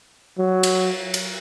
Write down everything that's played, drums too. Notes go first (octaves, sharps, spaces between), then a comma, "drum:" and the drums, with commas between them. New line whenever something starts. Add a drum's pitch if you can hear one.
F#3
drum: cymbal
drum: cymbal